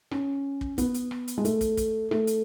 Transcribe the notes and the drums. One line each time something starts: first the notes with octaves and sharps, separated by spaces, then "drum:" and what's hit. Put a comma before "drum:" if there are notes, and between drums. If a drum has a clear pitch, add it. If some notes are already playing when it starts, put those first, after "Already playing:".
C#4, drum: rim click
drum: kick
B3, drum: kick, hi-hat
drum: hi-hat
drum: rim click
drum: hi-hat
G#3
A3, drum: hi-hat
drum: kick, hi-hat
drum: kick, hi-hat
A3, drum: rim click
drum: hi-hat